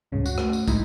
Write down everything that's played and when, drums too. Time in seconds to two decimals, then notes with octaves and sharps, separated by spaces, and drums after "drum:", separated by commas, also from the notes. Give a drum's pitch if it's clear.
0.12 D1 C#2 G2 C#3
0.26 F#4, drum: tambourine
0.38 A3, drum: rim click
0.53 drum: tambourine
0.68 G#3 D#4 E4, drum: kick, tambourine